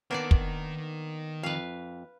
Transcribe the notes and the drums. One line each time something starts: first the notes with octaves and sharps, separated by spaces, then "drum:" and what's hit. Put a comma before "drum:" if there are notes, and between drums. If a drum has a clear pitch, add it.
D#3 A#3 B3 D4 A#4 D5
drum: kick
F2 B4 F5